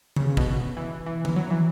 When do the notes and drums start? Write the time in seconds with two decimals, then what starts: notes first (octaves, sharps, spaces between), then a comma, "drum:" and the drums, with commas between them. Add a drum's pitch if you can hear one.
0.16 C#3, drum: tom
0.37 B2, drum: kick
0.77 E3
1.06 E3
1.25 drum: tom
1.36 F#3
1.50 E3